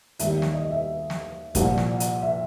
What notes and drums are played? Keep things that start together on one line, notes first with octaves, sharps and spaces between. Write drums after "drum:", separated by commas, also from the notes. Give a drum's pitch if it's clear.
D#2 D#3 G3 E5, drum: hi-hat
drum: snare
D#5
E5
drum: snare
C2 A#2 F3 A#3, drum: kick, hi-hat
drum: snare
drum: hi-hat
E5